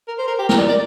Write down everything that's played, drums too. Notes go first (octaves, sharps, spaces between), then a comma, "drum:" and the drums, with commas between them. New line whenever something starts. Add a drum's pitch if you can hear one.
A#4
C5
A#4
G4
A#4, drum: snare
D5
D5